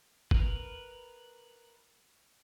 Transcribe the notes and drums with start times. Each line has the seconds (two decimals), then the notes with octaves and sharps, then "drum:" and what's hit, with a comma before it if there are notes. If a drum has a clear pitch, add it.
0.31 A#4 B4, drum: kick